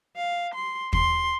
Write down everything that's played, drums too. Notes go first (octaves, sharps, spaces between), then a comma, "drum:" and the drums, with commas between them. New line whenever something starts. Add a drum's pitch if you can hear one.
F5
C6
C6, drum: kick